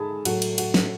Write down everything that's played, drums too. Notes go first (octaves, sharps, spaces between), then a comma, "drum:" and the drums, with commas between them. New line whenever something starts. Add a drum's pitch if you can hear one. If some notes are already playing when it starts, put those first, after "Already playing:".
Already playing: G#2 G#4 A4 G#5 A5 B5
A2 F#3 A3 F#4 F#5, drum: cymbal
drum: cymbal
F#4 F#5, drum: cymbal
drum: snare